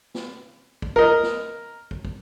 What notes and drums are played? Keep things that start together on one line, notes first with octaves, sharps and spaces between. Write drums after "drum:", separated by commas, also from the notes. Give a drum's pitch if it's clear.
drum: snare
drum: kick
A#4 D#5, drum: kick
drum: snare
drum: kick
drum: kick